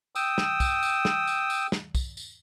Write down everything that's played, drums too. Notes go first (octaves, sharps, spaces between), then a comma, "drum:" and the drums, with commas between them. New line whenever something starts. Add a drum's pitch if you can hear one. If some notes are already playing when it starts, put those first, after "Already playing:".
G5 D#6 E6, drum: tambourine
drum: snare
drum: kick, tambourine
drum: tambourine
drum: snare
drum: tambourine
drum: tambourine
drum: snare
drum: kick, tambourine
drum: tambourine